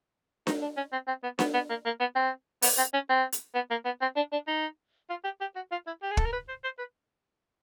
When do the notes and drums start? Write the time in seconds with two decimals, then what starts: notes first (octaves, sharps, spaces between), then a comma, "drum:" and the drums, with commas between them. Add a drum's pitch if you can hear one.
0.47 D#4, drum: snare D4
0.62 D4
0.77 C#4
0.92 C4
1.07 C4
1.23 B3
1.39 B3, drum: snare D4
1.54 B3
1.69 A#3
1.85 A#3
2.00 B3
2.15 C4
2.62 B3, drum: open hi-hat
2.77 C4
2.93 C#4
3.09 C4
3.32 drum: hi-hat
3.55 B3
3.70 A#3
3.85 B3
4.01 C4
4.16 D4
4.32 D4
4.47 D#4
5.10 F4
5.24 G4
5.40 G4
5.55 F#4
5.71 F4
5.87 E4
6.02 G4
6.11 G#4
6.17 A4, drum: kick
6.25 A#4
6.32 B4
6.48 C5
6.64 C5
6.78 B4